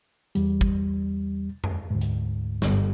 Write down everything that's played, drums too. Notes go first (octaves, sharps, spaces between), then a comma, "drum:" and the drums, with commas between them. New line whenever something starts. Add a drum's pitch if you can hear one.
E2 G3, drum: hi-hat
drum: kick
drum: tom F2
D2 G#2
drum: hi-hat
G1, drum: snare